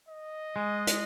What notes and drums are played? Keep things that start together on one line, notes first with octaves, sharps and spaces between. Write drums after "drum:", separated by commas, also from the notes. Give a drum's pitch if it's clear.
D#5
G#3
drum: hi-hat